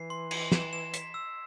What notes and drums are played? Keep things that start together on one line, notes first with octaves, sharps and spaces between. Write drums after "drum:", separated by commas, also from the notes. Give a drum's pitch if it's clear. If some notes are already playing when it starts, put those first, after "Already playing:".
Already playing: E3 C7
C6
C7, drum: cymbal
E7, drum: snare
E7
B6, drum: hi-hat
E6